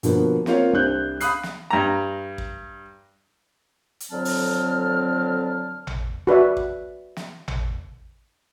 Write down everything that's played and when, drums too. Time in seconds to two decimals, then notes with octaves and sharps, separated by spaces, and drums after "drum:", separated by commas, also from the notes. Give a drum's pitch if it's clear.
0.03 B2 D3 F3 A#3 B3, drum: hi-hat
0.46 A#3 C4 F4 C#5 F5, drum: snare
0.73 C2 D4 C5 F#6 G6
1.20 F5 B5 D#6 F#6 C7, drum: hi-hat
1.43 drum: snare
1.70 G2 A#5
2.38 drum: kick
4.00 drum: hi-hat
4.11 F2 D3 F#3 C4 A5 F6
4.25 drum: open hi-hat
5.87 drum: tom A1
6.27 F#4 B4 D5 E5
6.57 drum: kick
7.17 drum: snare
7.48 drum: tom A1